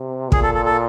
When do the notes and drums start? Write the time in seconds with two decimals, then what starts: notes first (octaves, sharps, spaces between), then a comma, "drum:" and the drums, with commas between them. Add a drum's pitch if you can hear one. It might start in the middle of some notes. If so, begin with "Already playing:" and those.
Already playing: C3
0.32 A#2 G#4, drum: kick
0.43 A4
0.54 A4
0.65 A4